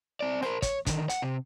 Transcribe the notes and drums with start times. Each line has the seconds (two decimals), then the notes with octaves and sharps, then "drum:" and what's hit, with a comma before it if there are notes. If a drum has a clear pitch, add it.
0.20 C4 D5
0.42 A#4 C5, drum: rim click
0.62 C#5, drum: kick, hi-hat
0.86 D3 D#3, drum: kick, hi-hat
1.09 F#5, drum: hi-hat
1.22 C3